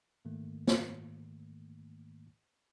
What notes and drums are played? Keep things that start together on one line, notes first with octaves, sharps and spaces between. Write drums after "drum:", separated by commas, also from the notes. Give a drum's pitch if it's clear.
G#2 D#3 A3 A#3
drum: snare